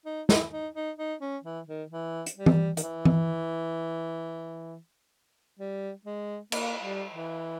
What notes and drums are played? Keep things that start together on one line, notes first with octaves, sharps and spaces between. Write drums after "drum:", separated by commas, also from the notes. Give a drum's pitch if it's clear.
D#4
E4, drum: snare
D#4
D#4
D#4
C#4
E3
D#3
E3
drum: hi-hat
G3
drum: tom E3
D#3, drum: hi-hat
E3
drum: tom E3
G3
G#3
A#3, drum: cymbal
G3
E3